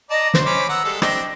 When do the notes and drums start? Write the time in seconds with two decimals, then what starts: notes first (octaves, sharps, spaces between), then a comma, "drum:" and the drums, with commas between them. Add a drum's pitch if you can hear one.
0.11 D5 D#5 A5 A#5
0.34 F#3 C5, drum: snare
0.46 C#4 B5 D6
0.69 B3 F#5 A#5 E6
0.84 G3 G#3 A4
1.02 C4 D4 D#5 G5, drum: rim click